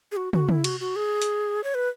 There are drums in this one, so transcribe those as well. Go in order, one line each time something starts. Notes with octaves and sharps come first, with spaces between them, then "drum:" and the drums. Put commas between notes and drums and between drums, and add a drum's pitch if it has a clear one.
G#4
F#4
F#4, drum: tom
E4, drum: tom
F#4, drum: cymbal
F#4
G#4
drum: hi-hat
C#5
B4